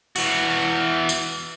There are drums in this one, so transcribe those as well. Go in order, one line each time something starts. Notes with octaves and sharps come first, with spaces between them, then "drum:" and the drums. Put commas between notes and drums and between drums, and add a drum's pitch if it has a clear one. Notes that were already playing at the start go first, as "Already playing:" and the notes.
E3 F#4, drum: open hi-hat
drum: tambourine